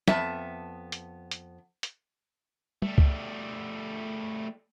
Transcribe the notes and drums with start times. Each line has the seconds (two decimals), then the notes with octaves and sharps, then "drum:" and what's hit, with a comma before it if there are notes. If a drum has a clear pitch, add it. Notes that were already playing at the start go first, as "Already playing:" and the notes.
0.08 F2 B3 E5 A5, drum: snare
0.92 drum: hi-hat
1.31 drum: hi-hat
1.83 drum: hi-hat
2.82 G3 A3, drum: tom
2.98 drum: kick C#2